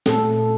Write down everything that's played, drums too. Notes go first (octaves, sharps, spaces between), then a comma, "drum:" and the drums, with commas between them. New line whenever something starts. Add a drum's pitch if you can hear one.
A#2 A3 A4, drum: snare